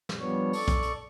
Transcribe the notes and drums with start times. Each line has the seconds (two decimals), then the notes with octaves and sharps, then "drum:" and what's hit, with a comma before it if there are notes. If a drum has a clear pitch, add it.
0.09 drum: snare
0.19 F3 G3 B3 D4 C#5
0.53 A4 D5 C#6, drum: open hi-hat
0.68 drum: kick, hi-hat
0.82 drum: hi-hat